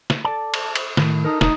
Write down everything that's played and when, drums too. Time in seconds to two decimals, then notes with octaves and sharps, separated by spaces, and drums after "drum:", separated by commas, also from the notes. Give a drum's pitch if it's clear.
0.10 drum: snare
0.25 A4 D5 A5
0.54 drum: cymbal
0.76 drum: cymbal
0.97 A2 D#3, drum: snare
1.24 D#4 A4 A#4
1.41 E1 D#4, drum: snare